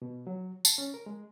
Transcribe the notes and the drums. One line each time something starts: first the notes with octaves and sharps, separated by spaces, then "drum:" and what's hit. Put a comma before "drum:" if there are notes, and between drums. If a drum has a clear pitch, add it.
B2
F#3
A5, drum: tambourine
C#4
A#4
G#3